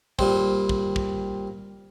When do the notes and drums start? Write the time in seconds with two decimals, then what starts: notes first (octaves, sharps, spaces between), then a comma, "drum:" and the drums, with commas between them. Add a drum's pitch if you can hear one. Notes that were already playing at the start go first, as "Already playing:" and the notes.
0.19 A#2 G3 C4, drum: kick
0.69 drum: kick
0.96 drum: kick